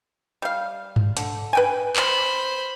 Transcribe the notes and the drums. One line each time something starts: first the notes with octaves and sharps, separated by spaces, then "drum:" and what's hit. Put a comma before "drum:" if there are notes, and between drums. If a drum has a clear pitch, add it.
G3 F5
drum: tom G2
D3, drum: hi-hat
B4 G5 G#5
C5 B5, drum: clap